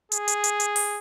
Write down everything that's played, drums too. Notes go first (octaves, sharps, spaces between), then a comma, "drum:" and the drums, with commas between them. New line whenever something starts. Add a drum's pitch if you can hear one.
G#4, drum: hi-hat
drum: hi-hat
drum: hi-hat
drum: hi-hat
drum: open hi-hat